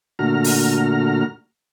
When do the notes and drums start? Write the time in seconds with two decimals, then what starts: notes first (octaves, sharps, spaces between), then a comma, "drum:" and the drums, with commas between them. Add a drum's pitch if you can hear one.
0.19 A#2 D3 A3 F#4 A#5 F6
0.44 drum: open hi-hat